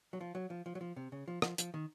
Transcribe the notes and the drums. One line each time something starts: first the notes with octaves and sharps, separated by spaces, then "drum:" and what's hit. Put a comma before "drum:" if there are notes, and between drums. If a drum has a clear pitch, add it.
F#3
F3
F#3
F3
F3
F#3
F3
C3
C#3
F3
F3, drum: rim click
F3, drum: hi-hat
D#3